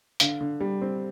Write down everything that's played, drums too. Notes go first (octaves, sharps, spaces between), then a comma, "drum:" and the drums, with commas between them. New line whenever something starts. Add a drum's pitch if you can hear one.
D3 F5, drum: hi-hat
D3
G3
C4